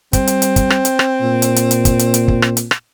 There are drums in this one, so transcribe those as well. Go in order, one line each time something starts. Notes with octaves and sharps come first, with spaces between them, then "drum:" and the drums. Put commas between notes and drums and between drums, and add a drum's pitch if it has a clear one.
G3 C4, drum: kick, hi-hat
drum: hi-hat
drum: hi-hat
drum: kick, hi-hat
drum: rim click
drum: hi-hat
drum: rim click
A#2
drum: hi-hat
drum: hi-hat
drum: hi-hat
drum: kick, hi-hat
drum: hi-hat
drum: hi-hat
drum: kick
drum: rim click
drum: hi-hat
drum: rim click